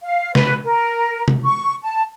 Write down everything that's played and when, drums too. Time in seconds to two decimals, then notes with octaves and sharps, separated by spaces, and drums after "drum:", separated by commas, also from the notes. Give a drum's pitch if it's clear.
0.03 F5
0.35 B4, drum: snare
0.64 A#4
1.28 drum: tom C3
1.43 C#6
1.83 A5